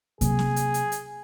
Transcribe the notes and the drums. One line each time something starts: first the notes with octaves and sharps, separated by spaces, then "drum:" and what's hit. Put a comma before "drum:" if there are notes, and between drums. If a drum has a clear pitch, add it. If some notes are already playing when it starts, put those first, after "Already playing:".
C3 F#3 A#3 G#4, drum: kick, hi-hat
drum: snare
drum: hi-hat
drum: hi-hat
drum: hi-hat